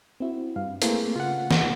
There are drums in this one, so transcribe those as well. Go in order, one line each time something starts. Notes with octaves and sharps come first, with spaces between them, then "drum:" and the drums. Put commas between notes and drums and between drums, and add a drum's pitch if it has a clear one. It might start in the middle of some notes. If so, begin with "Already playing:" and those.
C4 E4 F#4
G2 F5
A3 A#3 C4 E4 G#4 B4, drum: hi-hat
C#3 F4 F#5
drum: snare